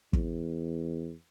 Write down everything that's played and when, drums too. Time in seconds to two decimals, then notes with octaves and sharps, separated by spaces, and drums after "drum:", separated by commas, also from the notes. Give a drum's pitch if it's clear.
0.13 E2, drum: kick